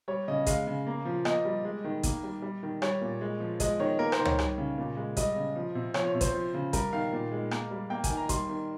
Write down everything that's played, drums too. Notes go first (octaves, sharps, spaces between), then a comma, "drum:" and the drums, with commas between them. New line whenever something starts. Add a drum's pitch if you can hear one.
G3 C#5
C#3 D#5
G#3 F5, drum: kick A1, hi-hat
C#3
A#3
F3
A#3 D#5, drum: rim click
G3
G#3
D#3
A#3, drum: kick A1, hi-hat
G3
G3
D#3
G3 C#5, drum: rim click
A#2
G#3
F3
G#3 D#5, drum: kick A1, hi-hat
D#3 C#5
A#3 A#4
C5, drum: rim click
D#3
C#5, drum: tom
G3, drum: rim click
C#3
A#2
G#3
G3 D#5, drum: kick A1, hi-hat
C#3
F3
C3
F3 C#5, drum: rim click
C#5
C3
C5, drum: kick A1, hi-hat
F3
C#3
G3 A#4, drum: kick A1, hi-hat
D#3 F5
A#2
G#3
A#3, drum: rim click
G3
A#3 G5
G#5, drum: kick A1, hi-hat
D#3
A#5
G3 C6, drum: kick A1, hi-hat
D#3